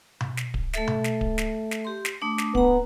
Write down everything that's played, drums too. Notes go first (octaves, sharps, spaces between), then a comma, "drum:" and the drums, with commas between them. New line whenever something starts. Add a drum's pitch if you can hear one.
drum: tom B2
drum: snare
drum: kick D1
A3 A4 E5, drum: snare
drum: tom B2
drum: snare
drum: kick D1
drum: snare
drum: snare
G4 C6
drum: snare
A3 D4 D#6
drum: snare
B3 F#5 A#5, drum: kick D1